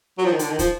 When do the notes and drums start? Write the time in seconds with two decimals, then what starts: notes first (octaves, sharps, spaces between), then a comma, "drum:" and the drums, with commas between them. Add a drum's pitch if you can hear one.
0.18 F#3
0.25 F3
0.32 D#3
0.39 D3, drum: hi-hat
0.50 D#3
0.59 F3, drum: kick, hi-hat